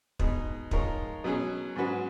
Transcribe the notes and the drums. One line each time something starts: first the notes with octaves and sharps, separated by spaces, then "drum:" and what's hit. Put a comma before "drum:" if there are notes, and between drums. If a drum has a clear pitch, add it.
B2 G#3 D#4, drum: kick
F3 G#3 D#4 A#4 C#5, drum: kick
B2 F#3 C#4 G#4
G#2 F#3 C#4 F#4 B4